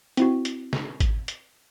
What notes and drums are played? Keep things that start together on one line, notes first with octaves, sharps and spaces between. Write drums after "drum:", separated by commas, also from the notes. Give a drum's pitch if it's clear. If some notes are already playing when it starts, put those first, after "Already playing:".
C4 E4 F#4, drum: hi-hat
drum: hi-hat
drum: snare
drum: kick G#1, hi-hat
drum: hi-hat